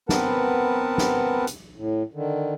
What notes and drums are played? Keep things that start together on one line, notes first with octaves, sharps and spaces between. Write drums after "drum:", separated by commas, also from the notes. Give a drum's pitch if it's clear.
B3 C4 A#4 B4 F#5 A5, drum: snare
drum: snare
drum: hi-hat
A2
D3 D#3